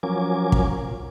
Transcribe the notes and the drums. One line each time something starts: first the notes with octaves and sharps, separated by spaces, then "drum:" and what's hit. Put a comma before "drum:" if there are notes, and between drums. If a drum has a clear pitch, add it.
F3 F#3 C#4 A#4 G#5 D6
drum: kick